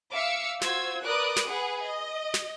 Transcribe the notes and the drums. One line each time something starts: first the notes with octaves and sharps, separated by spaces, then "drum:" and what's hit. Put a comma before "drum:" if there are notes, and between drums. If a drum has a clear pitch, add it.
E5 F5 D6 E6 C#7
F4 F#4 C5 E6 G#6, drum: snare
A#4 B4 D5 D6 D#6 F#6
drum: snare
G#4 B4 F#5
D#5
drum: snare